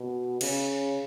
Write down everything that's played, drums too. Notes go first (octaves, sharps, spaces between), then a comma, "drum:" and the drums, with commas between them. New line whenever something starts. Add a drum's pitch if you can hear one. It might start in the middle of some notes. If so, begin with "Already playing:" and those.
Already playing: B2
C#3, drum: cymbal